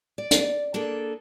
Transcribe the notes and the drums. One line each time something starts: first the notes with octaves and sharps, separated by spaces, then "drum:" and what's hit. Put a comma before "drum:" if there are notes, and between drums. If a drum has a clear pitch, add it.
D5
drum: hi-hat
A#3 D4 G#4 A4